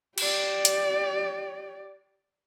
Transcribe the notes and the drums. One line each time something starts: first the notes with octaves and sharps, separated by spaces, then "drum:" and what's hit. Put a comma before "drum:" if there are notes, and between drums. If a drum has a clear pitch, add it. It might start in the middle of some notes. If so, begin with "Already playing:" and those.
G4 D5, drum: cymbal
drum: hi-hat